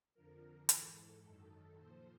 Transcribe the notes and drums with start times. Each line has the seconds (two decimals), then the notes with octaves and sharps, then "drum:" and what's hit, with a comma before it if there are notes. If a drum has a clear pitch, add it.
0.14 F2 D3 F3 A#4
0.69 G#2 E3 A4, drum: hi-hat
1.23 F#2 D#3
1.77 A#2 F3 C5